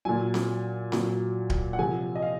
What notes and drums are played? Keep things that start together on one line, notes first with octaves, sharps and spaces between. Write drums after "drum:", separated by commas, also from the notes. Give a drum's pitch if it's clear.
A#2 F#3 G#5
drum: snare C4
A#2 F#3, drum: snare C4
drum: kick D1
F#5
C3 F3 G#5
D#5
F5